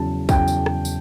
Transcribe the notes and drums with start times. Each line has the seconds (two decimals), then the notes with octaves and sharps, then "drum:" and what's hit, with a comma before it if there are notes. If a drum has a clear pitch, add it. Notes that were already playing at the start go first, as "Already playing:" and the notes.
Already playing: E2 C#3 F#3 A5
0.29 E2 C#3 F#3 G5, drum: kick, tambourine
0.48 drum: tambourine
0.66 drum: rim click
0.85 drum: tambourine